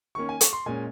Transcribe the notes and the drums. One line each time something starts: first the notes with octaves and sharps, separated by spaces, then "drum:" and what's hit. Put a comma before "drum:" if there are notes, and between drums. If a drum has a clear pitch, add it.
D#3 A#3 C#4 C#6
G#5
C#6, drum: hi-hat
C6
A#2 G#3 C#4 G#5